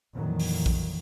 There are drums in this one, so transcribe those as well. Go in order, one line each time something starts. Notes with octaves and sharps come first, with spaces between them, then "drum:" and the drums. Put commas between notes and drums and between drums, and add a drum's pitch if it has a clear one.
F2 A#2 D#3 E3 F#3
drum: open hi-hat
drum: kick A#1